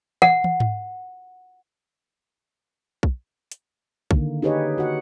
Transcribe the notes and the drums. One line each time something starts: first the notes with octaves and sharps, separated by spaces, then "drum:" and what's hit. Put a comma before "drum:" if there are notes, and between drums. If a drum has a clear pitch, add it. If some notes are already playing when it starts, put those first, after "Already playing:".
F#5, drum: tom
drum: tom
drum: tom G#2
drum: kick
drum: hi-hat
D3 D#3 A#3, drum: kick
D#4 G4 G#4 B4 C#5 D#5
F#4 F#5